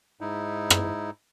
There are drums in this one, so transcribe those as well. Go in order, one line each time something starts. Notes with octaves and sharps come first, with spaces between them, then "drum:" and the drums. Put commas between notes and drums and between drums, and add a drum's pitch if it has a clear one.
G#2 D#4 E4
drum: rim click